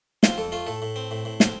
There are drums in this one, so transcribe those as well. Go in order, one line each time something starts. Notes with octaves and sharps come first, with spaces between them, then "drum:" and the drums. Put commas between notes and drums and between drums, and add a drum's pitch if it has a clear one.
C4 F4, drum: snare
F2 A4
A3 F4
A2 A4
A2
C4
A2
A2
C4, drum: snare